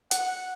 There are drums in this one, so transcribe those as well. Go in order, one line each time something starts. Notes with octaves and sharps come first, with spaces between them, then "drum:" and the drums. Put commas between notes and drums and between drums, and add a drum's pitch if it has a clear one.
F#5, drum: hi-hat